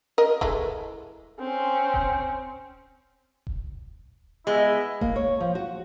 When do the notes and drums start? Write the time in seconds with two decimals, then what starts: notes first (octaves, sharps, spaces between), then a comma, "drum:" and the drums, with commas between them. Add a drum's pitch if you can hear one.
0.18 A#4 D#5
0.41 E3 G#3 A3, drum: kick D#1
1.40 C4 C#4
1.94 drum: kick D#1
3.47 drum: kick D#1
4.47 G#3 B3 E4 D#5
5.01 A#3, drum: kick D#1
5.16 C#5
5.40 F3
5.55 F#4